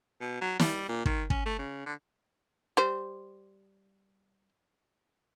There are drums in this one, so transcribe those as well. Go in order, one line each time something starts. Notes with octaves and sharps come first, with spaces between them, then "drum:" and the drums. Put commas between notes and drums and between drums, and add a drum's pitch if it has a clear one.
B2
F#3
G3, drum: snare
A#2
D#3, drum: kick
C#4, drum: kick
A3
C#3
D3
G3 C5